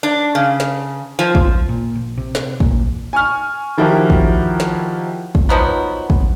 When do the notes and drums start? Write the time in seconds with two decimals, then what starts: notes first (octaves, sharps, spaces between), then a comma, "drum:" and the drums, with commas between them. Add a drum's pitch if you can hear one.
0.03 D4
0.35 C#3
0.60 drum: snare
1.19 F3
1.35 drum: kick
1.69 A#2
1.95 A#1
2.17 C3
2.35 drum: snare
2.60 A#2, drum: kick
3.13 G#5 C#6 F6
3.77 D#3 F3 E4 F#4 G4 A#4
4.10 drum: kick
4.60 drum: snare
5.35 drum: kick
5.49 D#3 F3 F#3 B3
6.10 drum: kick